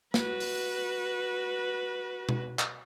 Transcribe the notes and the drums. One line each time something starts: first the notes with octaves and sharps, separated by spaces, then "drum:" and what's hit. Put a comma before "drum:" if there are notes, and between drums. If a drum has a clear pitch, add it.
F#4 B4, drum: snare
drum: open hi-hat
drum: tom B2
drum: clap